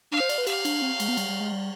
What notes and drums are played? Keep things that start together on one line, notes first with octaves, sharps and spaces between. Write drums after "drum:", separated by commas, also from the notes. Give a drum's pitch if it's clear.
D4 F5
C5
D5, drum: cymbal
B4
G4 F5, drum: cymbal
D4, drum: cymbal
C4
G#3, drum: cymbal
B3
G3, drum: cymbal
G3
G#3
G3